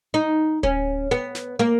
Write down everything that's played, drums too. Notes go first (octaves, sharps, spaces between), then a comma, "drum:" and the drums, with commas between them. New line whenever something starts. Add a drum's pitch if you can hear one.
D#4
C#4, drum: kick D1
B3
drum: snare
A#3